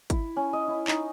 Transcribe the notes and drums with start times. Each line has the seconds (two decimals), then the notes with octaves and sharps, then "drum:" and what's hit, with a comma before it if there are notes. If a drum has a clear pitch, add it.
0.10 E4, drum: kick, hi-hat
0.37 C#4
0.53 D#5
0.68 E4
0.88 D#4, drum: clap